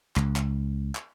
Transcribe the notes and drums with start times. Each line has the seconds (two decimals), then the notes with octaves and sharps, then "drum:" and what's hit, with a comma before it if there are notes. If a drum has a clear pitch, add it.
0.16 C#2, drum: clap
0.36 drum: clap
0.95 drum: clap